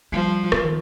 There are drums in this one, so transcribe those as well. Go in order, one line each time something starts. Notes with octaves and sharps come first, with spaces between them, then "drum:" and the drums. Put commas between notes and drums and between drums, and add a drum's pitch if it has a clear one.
F3 G3
F3, drum: rim click
D#3